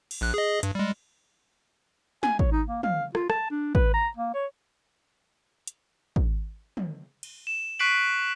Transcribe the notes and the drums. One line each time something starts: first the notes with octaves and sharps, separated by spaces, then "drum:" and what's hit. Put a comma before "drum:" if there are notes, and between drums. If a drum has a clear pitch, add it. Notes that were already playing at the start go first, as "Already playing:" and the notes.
drum: cymbal
A#1 F#6
G#4 D#5
G2, drum: hi-hat
G3 G#3
G#5, drum: snare
C#5, drum: kick
D#4
A#3
F5, drum: tom
F4, drum: rim click
A5, drum: rim click
D4
B4, drum: kick
A#5
A#3
C#5
drum: hi-hat
drum: kick
drum: tom
drum: cymbal
E7
C#6 F#6 B6 C7 D7 F#7